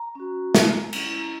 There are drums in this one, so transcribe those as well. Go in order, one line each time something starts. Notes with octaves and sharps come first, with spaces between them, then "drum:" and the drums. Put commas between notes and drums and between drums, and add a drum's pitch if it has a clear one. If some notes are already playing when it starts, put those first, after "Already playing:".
Already playing: A#5
C#4 F#4
G#3, drum: snare
C#4 E4, drum: cymbal